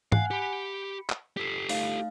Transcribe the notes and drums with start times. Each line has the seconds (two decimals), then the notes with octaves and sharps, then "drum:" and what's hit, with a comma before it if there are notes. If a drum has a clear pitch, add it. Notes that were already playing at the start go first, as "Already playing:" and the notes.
0.12 F5 F#5 G#5 F#6, drum: tom G#2
0.31 G4 B5 C#7
1.10 drum: clap
1.37 G4 A4 B6 C7
1.69 A3 D#4 F5, drum: open hi-hat